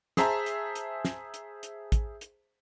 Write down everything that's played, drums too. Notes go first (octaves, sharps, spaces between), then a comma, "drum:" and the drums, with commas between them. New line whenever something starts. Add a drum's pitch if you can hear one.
G#4 C5 E5 A5 A#5, drum: snare
drum: hi-hat
drum: hi-hat
drum: snare
drum: hi-hat
drum: hi-hat
drum: kick A1, hi-hat
drum: hi-hat